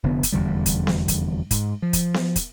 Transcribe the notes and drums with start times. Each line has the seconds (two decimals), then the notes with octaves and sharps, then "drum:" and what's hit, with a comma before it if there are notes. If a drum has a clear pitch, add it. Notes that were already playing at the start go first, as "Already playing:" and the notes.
0.03 F1 D3 B3
0.23 drum: kick, hi-hat
0.32 F1 E2 D3 G3
0.66 drum: kick, hi-hat
0.87 drum: snare B3
1.08 drum: kick, hi-hat
1.51 G#2, drum: kick, hi-hat
1.82 F3
1.93 drum: kick, hi-hat
2.14 drum: snare B3
2.36 drum: kick, hi-hat